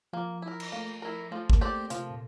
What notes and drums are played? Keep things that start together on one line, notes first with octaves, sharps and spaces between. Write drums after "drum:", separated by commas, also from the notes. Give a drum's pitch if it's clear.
F3 A#3
E4
A#4
drum: cymbal
A3 A#3
E4 A#4
F3 A3
A#3, drum: kick G#1
A3 C4 G4 D5
C3 F3, drum: hi-hat
A#2